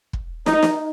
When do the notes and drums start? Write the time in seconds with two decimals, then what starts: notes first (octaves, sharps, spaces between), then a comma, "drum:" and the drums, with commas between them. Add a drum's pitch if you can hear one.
0.13 drum: kick
0.46 D#4, drum: snare
0.63 drum: snare